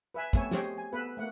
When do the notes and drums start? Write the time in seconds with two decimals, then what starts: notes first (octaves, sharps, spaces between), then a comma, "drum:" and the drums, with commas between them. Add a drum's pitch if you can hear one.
0.14 B4 E5 G#5
0.33 A3 B3 C4 A4 C#5 G#5, drum: kick
0.51 G4 G#4 C5 C#5 D#5 G5, drum: snare
0.78 G#5
0.93 B3 A4 B4
1.17 A3 A#3 F#5